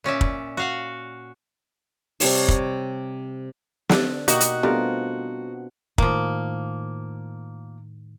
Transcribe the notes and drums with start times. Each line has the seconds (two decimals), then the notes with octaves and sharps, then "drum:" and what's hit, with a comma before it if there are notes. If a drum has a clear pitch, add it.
0.04 A#2 C#4 D5 E5
0.21 drum: kick
0.57 F#4 F5 F#5
2.20 C3 G3 C#5 A5, drum: open hi-hat
2.48 drum: kick
3.89 D3, drum: snare
4.28 B2 A#3 D#4 F#4 G4 D#5, drum: hi-hat
4.40 drum: hi-hat
4.63 G3 A3 B3 C4 D4 F4 A#4
5.98 A2 D#3 F3 A#3, drum: kick